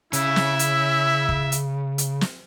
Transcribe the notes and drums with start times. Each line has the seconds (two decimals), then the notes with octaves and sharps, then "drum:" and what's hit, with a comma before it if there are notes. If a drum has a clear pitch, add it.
0.13 C#3 E4 E5, drum: hi-hat
0.36 drum: snare
0.59 drum: hi-hat
1.29 drum: kick
1.52 drum: hi-hat
1.98 drum: hi-hat
2.21 drum: snare